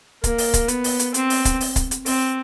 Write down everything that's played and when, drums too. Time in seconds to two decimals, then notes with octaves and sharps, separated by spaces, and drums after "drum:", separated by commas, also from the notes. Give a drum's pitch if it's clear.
0.24 A#3, drum: kick, hi-hat
0.38 drum: open hi-hat
0.54 drum: kick, hi-hat
0.68 B3, drum: hi-hat
0.84 drum: open hi-hat
0.99 drum: hi-hat
1.14 C4, drum: hi-hat
1.30 drum: open hi-hat
1.45 drum: kick, hi-hat
1.61 drum: open hi-hat
1.76 drum: kick, hi-hat
1.91 drum: hi-hat
2.06 C4, drum: open hi-hat